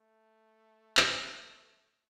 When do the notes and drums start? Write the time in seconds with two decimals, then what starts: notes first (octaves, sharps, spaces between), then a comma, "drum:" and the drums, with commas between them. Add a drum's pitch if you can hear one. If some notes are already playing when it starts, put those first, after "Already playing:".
Already playing: A3
0.97 drum: clap